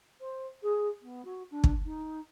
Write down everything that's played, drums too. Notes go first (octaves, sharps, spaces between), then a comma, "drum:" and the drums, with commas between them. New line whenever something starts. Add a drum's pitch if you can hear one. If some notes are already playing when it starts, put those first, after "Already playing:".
C5
G#4
B3
F#4
D4
drum: kick
D#4